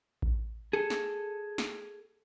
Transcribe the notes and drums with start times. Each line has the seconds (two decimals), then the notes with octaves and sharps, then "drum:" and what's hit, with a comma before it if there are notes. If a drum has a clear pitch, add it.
0.22 drum: kick A1
0.73 G#4 A4
0.90 drum: snare
1.58 drum: snare